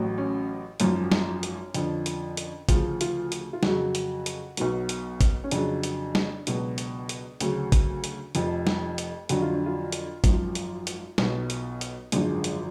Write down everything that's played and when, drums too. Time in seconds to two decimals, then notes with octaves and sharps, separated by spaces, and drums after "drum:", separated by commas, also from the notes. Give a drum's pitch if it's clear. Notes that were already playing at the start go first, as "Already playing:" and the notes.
Already playing: A1 A2 F#3
0.18 C#4
0.80 G#1 F#2 F3 C#4, drum: hi-hat
1.12 drum: snare
1.43 drum: hi-hat
1.74 F2 D3 F3, drum: hi-hat
2.06 drum: hi-hat
2.37 drum: hi-hat
2.69 D2 C#3 F3 F4, drum: kick G#1, hi-hat
3.01 F4, drum: hi-hat
3.32 drum: hi-hat
3.53 F4
3.63 F2 C#3 F#3 F#4, drum: snare
3.95 drum: hi-hat
4.26 drum: hi-hat
4.57 B1 B2 F#3, drum: hi-hat
4.89 drum: hi-hat
5.21 drum: kick G#1, hi-hat
5.44 C#4
5.51 F2 C#3 F#3 D4, drum: hi-hat
5.83 drum: hi-hat
6.15 drum: snare
6.47 C#2 B2 F#3, drum: hi-hat
6.78 drum: hi-hat
7.09 drum: hi-hat
7.41 D2 C#3 F#3, drum: hi-hat
7.72 drum: kick G#1, hi-hat
8.04 drum: hi-hat
8.35 F1 F2 F3, drum: hi-hat
8.67 drum: snare
8.98 drum: hi-hat
9.29 F2 D3 F#3 F#4, drum: hi-hat
9.42 F4
9.54 D4
9.66 F4
9.92 drum: hi-hat
10.24 G#1 F#2 F3, drum: kick G#1, hi-hat
10.55 drum: hi-hat
10.87 drum: hi-hat
11.18 B1 B2 F#3, drum: snare
11.50 drum: hi-hat
11.81 drum: hi-hat
12.12 G#1 F#2 D3 F3 G#3, drum: hi-hat
12.44 drum: hi-hat